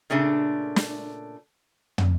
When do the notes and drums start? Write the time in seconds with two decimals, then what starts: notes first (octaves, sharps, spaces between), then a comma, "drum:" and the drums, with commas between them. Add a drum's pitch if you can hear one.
0.10 A#2 C#3 A3 D4
0.76 drum: snare
1.98 drum: tom